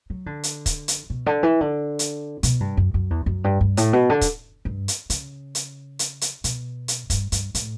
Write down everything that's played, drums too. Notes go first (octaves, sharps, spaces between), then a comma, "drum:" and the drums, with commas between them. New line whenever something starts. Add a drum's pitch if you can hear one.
F#3
D3
drum: hi-hat
drum: kick, hi-hat
drum: hi-hat
B2
D3
E3
D3
drum: hi-hat
B2, drum: hi-hat
G2
F#2
F#2
E2
F#2
G2
G2
A2, drum: hi-hat
B2
D3
drum: kick, hi-hat
G2
drum: hi-hat
C#3, drum: hi-hat
drum: hi-hat
drum: hi-hat
drum: hi-hat
B2, drum: hi-hat
drum: hi-hat
G2, drum: kick, hi-hat
G2, drum: hi-hat
A2, drum: hi-hat